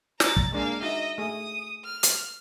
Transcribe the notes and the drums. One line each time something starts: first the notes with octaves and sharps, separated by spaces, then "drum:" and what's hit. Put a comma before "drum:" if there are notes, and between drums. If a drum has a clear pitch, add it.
D5 A#5 A6, drum: snare
drum: kick
G#3 A#3 D4 G#4 F5
D#4 F#4 D#5 E5
A3 G#4 D#6
F6
drum: hi-hat